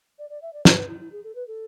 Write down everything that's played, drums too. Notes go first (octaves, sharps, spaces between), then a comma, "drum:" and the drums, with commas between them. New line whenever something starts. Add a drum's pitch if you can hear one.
D5
D5
E5
D5
C5, drum: snare
B4
E4
E4
G#4
A4
B4
A4